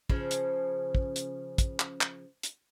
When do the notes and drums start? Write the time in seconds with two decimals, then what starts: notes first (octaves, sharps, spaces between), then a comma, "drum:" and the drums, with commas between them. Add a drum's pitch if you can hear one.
0.10 C#3 F3, drum: kick
0.31 drum: hi-hat
0.95 drum: kick
1.16 drum: hi-hat
1.58 drum: kick, hi-hat
1.80 drum: clap
2.01 drum: clap
2.43 drum: hi-hat